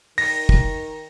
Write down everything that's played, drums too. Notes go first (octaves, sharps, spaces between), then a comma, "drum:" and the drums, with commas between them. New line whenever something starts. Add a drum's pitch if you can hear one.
D#3 A#6, drum: open hi-hat
drum: kick